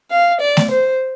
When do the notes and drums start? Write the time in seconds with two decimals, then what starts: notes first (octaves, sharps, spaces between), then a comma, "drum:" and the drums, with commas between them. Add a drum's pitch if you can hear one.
0.11 F5
0.41 D5
0.57 drum: snare A3
0.71 C5